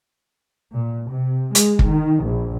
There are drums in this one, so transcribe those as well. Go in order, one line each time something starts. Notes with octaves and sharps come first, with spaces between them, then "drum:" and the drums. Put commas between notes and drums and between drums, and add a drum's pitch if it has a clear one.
A#2
C3
G#3, drum: hi-hat
drum: kick
D#3
A#1